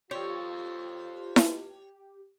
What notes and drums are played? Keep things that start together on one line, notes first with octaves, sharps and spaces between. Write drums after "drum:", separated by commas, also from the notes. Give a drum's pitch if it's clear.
F4 G4 A4 C5 C#5
drum: snare E4